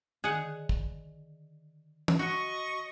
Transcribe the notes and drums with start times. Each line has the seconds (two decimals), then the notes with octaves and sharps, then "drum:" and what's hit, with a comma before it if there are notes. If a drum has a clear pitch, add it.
0.24 D3 D#3 G#4 F#5
0.69 drum: kick
2.08 drum: tom
2.19 F#4 D#5 C#6